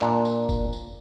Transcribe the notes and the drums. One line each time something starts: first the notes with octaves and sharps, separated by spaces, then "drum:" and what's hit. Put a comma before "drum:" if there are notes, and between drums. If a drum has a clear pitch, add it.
A#2 D4, drum: clap
drum: tambourine
drum: kick F1, tambourine
drum: tambourine